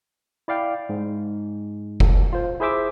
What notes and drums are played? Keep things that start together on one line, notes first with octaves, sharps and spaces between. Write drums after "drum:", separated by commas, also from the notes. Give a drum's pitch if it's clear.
E4 D5 F5 G5
G#2
drum: kick F1
F4 C5
E4 G#4 C5 E5 D6 E6